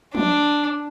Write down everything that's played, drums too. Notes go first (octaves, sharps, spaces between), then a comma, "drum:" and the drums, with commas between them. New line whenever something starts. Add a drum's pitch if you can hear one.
D4, drum: tom F3